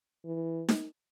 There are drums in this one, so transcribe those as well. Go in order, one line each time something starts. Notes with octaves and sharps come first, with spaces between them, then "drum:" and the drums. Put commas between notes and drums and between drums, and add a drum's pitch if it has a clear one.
E3
drum: snare D#4